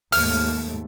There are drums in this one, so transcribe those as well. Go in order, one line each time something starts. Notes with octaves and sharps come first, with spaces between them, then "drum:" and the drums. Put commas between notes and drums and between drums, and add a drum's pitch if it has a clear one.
D#2 G#2 A3 F6, drum: open hi-hat